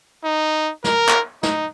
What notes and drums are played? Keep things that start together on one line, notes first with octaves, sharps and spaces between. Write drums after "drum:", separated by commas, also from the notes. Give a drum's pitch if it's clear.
D#4
A#4, drum: snare
drum: clap
D#4, drum: snare